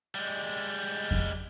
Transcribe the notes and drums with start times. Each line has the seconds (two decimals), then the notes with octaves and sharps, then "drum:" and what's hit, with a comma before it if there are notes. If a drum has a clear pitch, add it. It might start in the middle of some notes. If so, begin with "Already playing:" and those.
0.15 G3 G#3
1.11 drum: kick F2